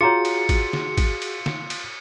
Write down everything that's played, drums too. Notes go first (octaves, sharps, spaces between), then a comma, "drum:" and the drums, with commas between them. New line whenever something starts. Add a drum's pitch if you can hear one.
F4 F#4 G#4 C#5 A#5 D6 C#7
drum: cymbal
drum: kick, cymbal
drum: snare
drum: kick, cymbal
drum: cymbal
drum: snare
drum: cymbal